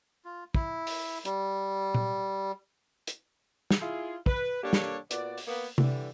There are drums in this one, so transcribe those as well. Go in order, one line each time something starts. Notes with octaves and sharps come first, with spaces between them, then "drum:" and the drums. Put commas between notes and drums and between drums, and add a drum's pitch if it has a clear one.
F4
E4, drum: kick
drum: open hi-hat
G3, drum: hi-hat
drum: tom A#2
drum: hi-hat
drum: snare
E4 F4 G#4
B4, drum: kick
G3 A#3 D4 G4 A4 C#5
drum: snare
A#2 B3 F#4 D5, drum: hi-hat
drum: open hi-hat
A#3 B3
D3 E3 G3, drum: tom C3